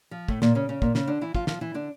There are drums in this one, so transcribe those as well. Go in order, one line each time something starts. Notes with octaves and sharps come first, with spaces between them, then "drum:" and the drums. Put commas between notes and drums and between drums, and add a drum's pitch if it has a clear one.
F3
A2 A3, drum: kick
A#2 A#3, drum: snare
C#3 C#4
C#3 C#4
A#2 A#3, drum: kick
C#3 C#4, drum: snare
D3 D4
E3 E4
F3 F4, drum: kick
F3 F4, drum: snare
E3 E4
D3 D4